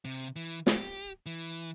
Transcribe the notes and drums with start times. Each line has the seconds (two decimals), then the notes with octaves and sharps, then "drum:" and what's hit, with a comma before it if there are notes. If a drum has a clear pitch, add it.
0.05 C3
0.36 E3
0.67 G4, drum: snare
1.26 E3